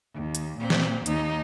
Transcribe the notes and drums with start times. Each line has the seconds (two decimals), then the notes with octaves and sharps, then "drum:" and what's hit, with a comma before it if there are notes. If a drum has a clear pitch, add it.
0.13 D#2
0.35 drum: hi-hat
0.59 A#2 C4
0.70 drum: snare
1.06 D#2 D#4, drum: hi-hat